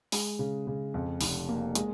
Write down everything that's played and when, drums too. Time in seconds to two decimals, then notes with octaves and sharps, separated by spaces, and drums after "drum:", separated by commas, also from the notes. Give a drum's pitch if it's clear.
0.12 G#3, drum: open hi-hat
0.39 C#3
0.67 C#3
0.94 F2
1.21 F1, drum: open hi-hat
1.49 A#3
1.75 G#3, drum: hi-hat